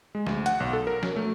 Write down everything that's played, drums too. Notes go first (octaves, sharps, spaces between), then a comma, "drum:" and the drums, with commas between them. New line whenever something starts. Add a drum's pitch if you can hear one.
G#3
D2, drum: snare
F#5, drum: hi-hat
B1
A4
A#4
F#3, drum: snare
A3